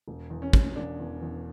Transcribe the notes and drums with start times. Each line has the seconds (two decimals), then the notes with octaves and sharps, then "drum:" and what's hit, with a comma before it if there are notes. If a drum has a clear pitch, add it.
0.08 E1
0.30 E2
0.42 C#4
0.53 E1, drum: kick
0.76 E1 D4
0.99 E2
1.22 E2